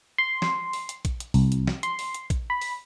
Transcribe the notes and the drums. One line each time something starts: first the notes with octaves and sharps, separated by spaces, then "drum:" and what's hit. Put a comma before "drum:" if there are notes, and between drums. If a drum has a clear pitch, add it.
C6
drum: snare
drum: open hi-hat
drum: hi-hat
drum: kick, hi-hat
drum: hi-hat
C2, drum: open hi-hat
drum: hi-hat
drum: snare
C6, drum: hi-hat
drum: open hi-hat
drum: hi-hat
drum: kick, hi-hat
B5
drum: open hi-hat